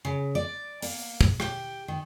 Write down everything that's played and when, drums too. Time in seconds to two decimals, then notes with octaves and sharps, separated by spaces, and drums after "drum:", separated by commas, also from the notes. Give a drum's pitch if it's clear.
0.05 C#3
0.35 D5
0.82 A#3, drum: open hi-hat
1.21 drum: kick
1.40 G4, drum: rim click
1.88 D#3